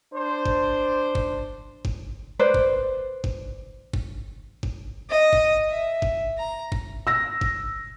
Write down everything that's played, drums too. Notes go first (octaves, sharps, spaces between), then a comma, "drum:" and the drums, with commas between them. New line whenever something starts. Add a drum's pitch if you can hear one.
D4 C5
drum: kick
drum: kick
drum: kick
B4 C5 D5
drum: kick
drum: kick
drum: kick
drum: kick
D#5
drum: kick
E5
drum: kick
A#5
drum: kick
E6 A#6
drum: kick